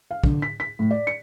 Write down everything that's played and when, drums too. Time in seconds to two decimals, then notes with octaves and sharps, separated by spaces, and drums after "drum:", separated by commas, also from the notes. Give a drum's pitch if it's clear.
0.11 F5
0.24 D3, drum: kick
0.42 B6
0.60 B6
0.79 A2
0.91 D5
1.07 C#7